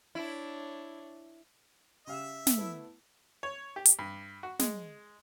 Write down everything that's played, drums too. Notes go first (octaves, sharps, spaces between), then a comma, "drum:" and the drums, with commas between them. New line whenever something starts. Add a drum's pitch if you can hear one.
D4 E4 C#5
C#3 G4 E5 F5 E6
drum: snare
A3 B3 E4
C#5
G4
drum: hi-hat
G2
F#4
G#3, drum: snare